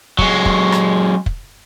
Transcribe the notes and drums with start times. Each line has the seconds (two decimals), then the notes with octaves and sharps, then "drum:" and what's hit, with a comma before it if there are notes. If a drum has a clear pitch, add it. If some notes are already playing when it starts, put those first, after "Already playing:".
0.19 F#3 G#3, drum: kick
0.45 drum: kick
0.72 drum: rim click
1.26 drum: kick